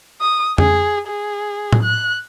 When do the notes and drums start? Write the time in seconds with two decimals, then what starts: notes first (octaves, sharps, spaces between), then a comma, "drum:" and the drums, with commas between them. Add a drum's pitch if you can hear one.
0.21 D#6
0.58 G#4, drum: tom F2
1.08 G#4
1.73 drum: tom A2
1.83 F#6